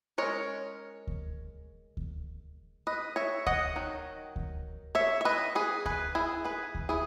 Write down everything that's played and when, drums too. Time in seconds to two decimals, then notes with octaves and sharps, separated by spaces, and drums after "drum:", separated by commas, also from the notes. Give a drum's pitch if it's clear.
0.18 G#3 C#4 A#4 C#5
1.07 drum: kick D2
1.97 drum: kick D2
2.87 B4 D#5
3.16 C#5 E5
3.47 D#5 F#5, drum: kick D2
3.76 D#3 F#3
4.36 drum: kick D2
4.95 C#5 E5
5.21 E5
5.25 B4 D#5
5.55 G#4 B4
5.85 G#4 B4, drum: kick D2
6.15 E4 G#4
6.44 G#4 B4
6.75 drum: kick D2
6.89 E4 G#4